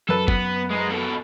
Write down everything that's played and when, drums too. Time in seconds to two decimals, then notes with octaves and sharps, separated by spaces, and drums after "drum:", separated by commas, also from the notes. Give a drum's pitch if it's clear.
0.09 F#2 A4 B4
0.28 B3, drum: kick F#1
0.71 G#3 D#4
0.91 B2 A4